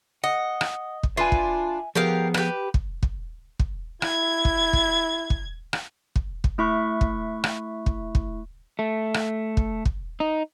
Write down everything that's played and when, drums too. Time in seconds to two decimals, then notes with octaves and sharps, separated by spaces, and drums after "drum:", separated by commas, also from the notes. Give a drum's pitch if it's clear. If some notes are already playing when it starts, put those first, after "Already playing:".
0.24 D#5 F#5
0.61 drum: rim click
1.03 drum: kick
1.17 D4 F4 B4 E5 G#5
1.32 drum: kick
1.95 F3 B3 G4 G#4 A#4 F5
2.34 G4 B4, drum: rim click
2.74 drum: kick
3.03 drum: kick
3.59 drum: kick
4.02 E4 G#6, drum: rim click
4.45 drum: kick
4.73 drum: kick
5.30 drum: kick
5.73 drum: rim click
6.16 drum: kick
6.44 drum: kick
6.58 A3 E4 E5 C#6 F#6
7.01 drum: kick
7.44 drum: rim click
7.86 drum: kick
8.15 drum: kick
8.79 A3
9.14 drum: rim click
9.57 drum: kick
9.85 drum: kick
10.20 D#4